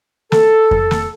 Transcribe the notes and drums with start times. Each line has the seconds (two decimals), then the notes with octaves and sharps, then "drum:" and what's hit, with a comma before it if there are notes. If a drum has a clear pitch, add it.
0.32 A4, drum: snare
0.71 drum: kick F2
0.91 drum: snare